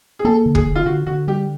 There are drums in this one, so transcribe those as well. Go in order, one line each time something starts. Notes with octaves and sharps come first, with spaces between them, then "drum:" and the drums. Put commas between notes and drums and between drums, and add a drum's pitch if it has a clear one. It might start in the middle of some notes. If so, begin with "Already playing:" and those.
G#4
A#3 A4
D3
G#4, drum: kick
D3
F4
D3 F#4
D3 F#4
G3 G4